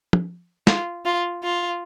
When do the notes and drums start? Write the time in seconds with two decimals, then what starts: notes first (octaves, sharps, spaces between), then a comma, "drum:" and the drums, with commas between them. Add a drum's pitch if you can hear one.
0.13 drum: tom
0.67 F4, drum: snare
1.05 F4
1.43 F4